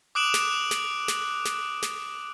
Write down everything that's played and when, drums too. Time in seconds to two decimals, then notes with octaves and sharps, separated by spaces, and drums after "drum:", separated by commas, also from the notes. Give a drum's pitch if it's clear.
0.15 D6 D#6 F#6 D7 E7 F#7
0.34 drum: snare
0.71 drum: snare
1.08 drum: snare
1.45 drum: snare
1.82 drum: snare